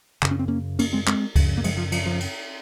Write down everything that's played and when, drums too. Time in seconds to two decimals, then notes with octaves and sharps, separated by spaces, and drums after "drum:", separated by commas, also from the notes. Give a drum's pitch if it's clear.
0.22 F#2 C#3, drum: clap
0.31 C#4
0.39 C4
0.48 A#3 C#4
0.79 A#3 C#4, drum: cymbal
0.93 G#3 C4
1.07 G#3 C4, drum: clap
1.36 F#2 C#3, drum: kick C#2, cymbal
1.57 A#3
1.64 F3 G#3, drum: cymbal
1.77 F3
1.92 F3, drum: cymbal
2.06 F3
2.20 drum: cymbal